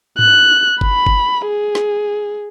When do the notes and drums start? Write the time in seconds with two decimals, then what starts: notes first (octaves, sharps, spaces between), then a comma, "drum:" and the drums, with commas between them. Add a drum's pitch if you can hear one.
0.19 F#6, drum: tom G#2
0.81 B5, drum: kick G1
1.06 drum: kick G1
1.48 G#4
1.75 drum: snare